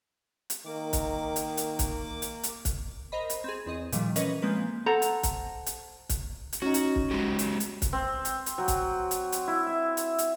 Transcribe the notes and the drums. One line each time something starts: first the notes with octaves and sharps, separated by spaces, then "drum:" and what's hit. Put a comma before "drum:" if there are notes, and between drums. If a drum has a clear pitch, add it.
drum: hi-hat
D#3 A#3 D6
drum: kick, hi-hat
drum: hi-hat
drum: hi-hat
drum: kick, hi-hat
drum: hi-hat
drum: hi-hat
drum: kick, hi-hat
A#4 C5 D#5 B5
drum: hi-hat
C4 G#4
E2 C4 D#5
A#2 D#3 F3 G3, drum: hi-hat
E3 C#4 A#4 B4 C#5 D#5, drum: hi-hat
F3 G#3 A#3 C4 B4 G6
A4 C5 F#5 A#5
drum: hi-hat
drum: kick, hi-hat
drum: hi-hat
drum: kick, hi-hat
drum: hi-hat
C#4 D#4 F#4
drum: hi-hat
drum: kick
G#3 F#4 G4
drum: hi-hat
drum: hi-hat
drum: kick, hi-hat
C4
drum: hi-hat
drum: hi-hat
F#3
drum: kick, hi-hat
drum: hi-hat
drum: hi-hat
E4
E5
drum: hi-hat
drum: hi-hat